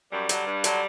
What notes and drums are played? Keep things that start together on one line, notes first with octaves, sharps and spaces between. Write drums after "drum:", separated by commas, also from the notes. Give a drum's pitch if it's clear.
F#2 G3
D3 F#3, drum: hi-hat
G2
D3 F#3, drum: hi-hat